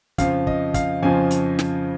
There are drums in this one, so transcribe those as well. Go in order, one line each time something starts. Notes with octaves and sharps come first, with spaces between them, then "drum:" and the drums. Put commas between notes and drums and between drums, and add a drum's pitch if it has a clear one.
F2 C#3 F3 F5, drum: kick, hi-hat
D#5, drum: kick
F5, drum: kick, hi-hat
F2 C#3 F3 G#5
drum: hi-hat
drum: snare